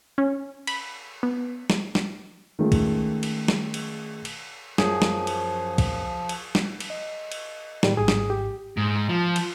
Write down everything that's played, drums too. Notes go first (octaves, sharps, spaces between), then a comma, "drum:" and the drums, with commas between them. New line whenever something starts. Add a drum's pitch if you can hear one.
C#4
B5, drum: cymbal
B3
drum: snare
drum: snare
D#3 G#3 A3 C#4 F4
drum: kick, cymbal
drum: cymbal
drum: snare
drum: cymbal
drum: cymbal
F#2 F3 G#4, drum: snare
drum: snare
drum: cymbal
drum: kick, cymbal
drum: cymbal
drum: snare
drum: cymbal
D#5
drum: cymbal
A2 D#3 G3, drum: snare
G#1 G#2 G#4 D#6
drum: snare
G4
G#2
F3
drum: cymbal